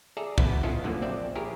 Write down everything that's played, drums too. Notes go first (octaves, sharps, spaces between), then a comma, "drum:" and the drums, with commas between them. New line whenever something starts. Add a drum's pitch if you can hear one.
G#4 A4 D5 E5 A#5
B3 E4 F#4 B4, drum: kick
B3 C#4 E4 F4 A4 D#5
D3 F3 F#3 A3 A#3
A#1 C4 D5 E5
E4 G4 G#4 A#4 C#5